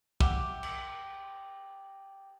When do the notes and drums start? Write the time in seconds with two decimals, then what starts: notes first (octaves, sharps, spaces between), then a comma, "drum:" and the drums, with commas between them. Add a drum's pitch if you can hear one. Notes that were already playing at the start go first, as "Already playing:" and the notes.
0.21 G4 E5 F#5 D6, drum: kick
0.63 drum: cymbal